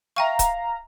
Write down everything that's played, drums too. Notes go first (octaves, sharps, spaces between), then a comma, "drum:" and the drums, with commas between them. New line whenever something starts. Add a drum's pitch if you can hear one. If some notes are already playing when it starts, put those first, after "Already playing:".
E5 F5 G5 A#5 C#6
drum: kick C#1, hi-hat